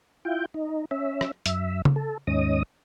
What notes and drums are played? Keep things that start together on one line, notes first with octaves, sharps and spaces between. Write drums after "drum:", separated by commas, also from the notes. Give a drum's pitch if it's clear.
E4 F4 G5
D#4
C#4 E5
drum: rim click
F#2 E5, drum: hi-hat
drum: tom C#3
A4
D#2 G#2 C#4 D#5 D#6